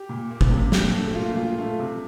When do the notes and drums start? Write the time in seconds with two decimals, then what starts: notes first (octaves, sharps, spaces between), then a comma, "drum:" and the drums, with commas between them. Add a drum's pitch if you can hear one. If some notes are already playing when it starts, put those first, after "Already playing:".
Already playing: G4
0.09 A#2
0.30 A#3
0.41 drum: kick
0.51 C3
0.72 A#2, drum: snare
0.93 A3
1.15 A#3 F4
1.36 A#2 F4
1.58 A3
1.79 C3